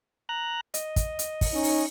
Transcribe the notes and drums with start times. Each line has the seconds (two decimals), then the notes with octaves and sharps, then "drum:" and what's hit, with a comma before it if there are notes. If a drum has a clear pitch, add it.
0.29 A#5 F#6
0.74 D#5, drum: hi-hat
0.96 drum: kick, hi-hat
1.19 drum: hi-hat
1.41 drum: kick, open hi-hat
1.52 C#4 D#4
1.64 drum: open hi-hat